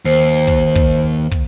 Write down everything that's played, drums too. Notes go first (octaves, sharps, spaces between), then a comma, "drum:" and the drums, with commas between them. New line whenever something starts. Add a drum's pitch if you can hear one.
D#2 C5
drum: kick
drum: kick
drum: kick